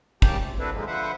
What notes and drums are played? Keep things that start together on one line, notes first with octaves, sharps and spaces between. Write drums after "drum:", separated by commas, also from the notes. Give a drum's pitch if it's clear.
C#3 A#3 G4 G5 A5, drum: kick
C3
F#3 C4 D4 E4 A4 B4
G#2 D3 F3 G#3 A#3
D3 F3 B4 C5 E5 F#5